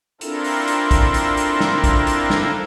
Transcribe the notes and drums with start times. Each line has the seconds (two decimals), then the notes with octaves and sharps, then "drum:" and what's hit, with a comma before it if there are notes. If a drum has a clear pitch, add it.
0.21 C4 D4 E4 F4 A4 A#4, drum: hi-hat
0.44 drum: open hi-hat
0.68 drum: hi-hat
0.91 drum: kick, hi-hat
1.14 drum: hi-hat
1.37 drum: hi-hat
1.60 drum: snare
1.84 drum: kick, hi-hat
2.07 drum: hi-hat
2.30 drum: snare